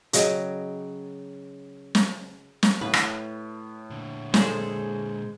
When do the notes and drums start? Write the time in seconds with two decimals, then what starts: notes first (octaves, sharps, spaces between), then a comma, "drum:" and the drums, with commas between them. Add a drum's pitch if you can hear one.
0.13 C#3 F#3 D#5 G5, drum: hi-hat
1.95 drum: snare
2.63 drum: snare
2.81 A2 B4
2.94 drum: rim click
3.90 A#2 D3
4.34 G#3 G#4 A4 C5 D5, drum: snare